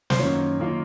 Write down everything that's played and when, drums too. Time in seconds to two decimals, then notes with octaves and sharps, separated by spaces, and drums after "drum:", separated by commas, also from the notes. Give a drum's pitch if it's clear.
0.10 C5, drum: snare
0.19 F#2 D#3 A#3 F4 C#5
0.58 F#2 D#3 A#3 F4